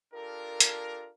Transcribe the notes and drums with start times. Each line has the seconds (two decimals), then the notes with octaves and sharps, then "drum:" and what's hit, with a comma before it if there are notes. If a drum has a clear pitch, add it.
0.13 D4 F4 G4 A4 A#4
0.60 drum: hi-hat